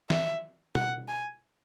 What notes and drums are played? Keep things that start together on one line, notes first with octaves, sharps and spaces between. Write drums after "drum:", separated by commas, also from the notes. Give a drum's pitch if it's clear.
E5, drum: snare
F#5, drum: tom B2
G#5